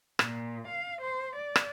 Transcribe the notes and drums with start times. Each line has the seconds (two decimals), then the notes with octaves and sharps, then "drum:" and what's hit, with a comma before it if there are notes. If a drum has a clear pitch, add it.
0.19 A#2, drum: rim click
0.66 F5
1.00 C5
1.35 D5
1.56 drum: rim click